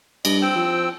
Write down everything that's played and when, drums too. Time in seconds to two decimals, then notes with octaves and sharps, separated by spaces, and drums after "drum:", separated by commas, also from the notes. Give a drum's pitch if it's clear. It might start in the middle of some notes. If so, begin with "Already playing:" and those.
0.25 G2 D#5, drum: cymbal
0.42 C4 G5 E6
0.56 F3